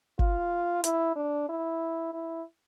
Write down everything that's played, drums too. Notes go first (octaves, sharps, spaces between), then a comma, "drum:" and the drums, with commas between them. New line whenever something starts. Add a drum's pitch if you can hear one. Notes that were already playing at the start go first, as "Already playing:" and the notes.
F4, drum: kick
E4, drum: hi-hat
D4
E4
E4